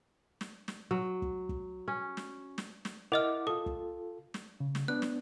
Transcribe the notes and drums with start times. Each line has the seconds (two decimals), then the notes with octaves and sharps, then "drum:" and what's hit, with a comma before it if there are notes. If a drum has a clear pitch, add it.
0.41 drum: snare
0.68 drum: snare
0.91 F#3
1.22 drum: kick
1.49 drum: kick
1.88 C#4
2.17 drum: snare
2.58 drum: snare
2.85 drum: snare
3.12 E4 A#4 D#5 F#5 D6 F6
3.47 F4 A4 D#6
3.66 drum: kick
4.34 drum: snare
4.60 C#3
4.75 drum: snare
4.88 B3 D4 F#6
5.02 drum: snare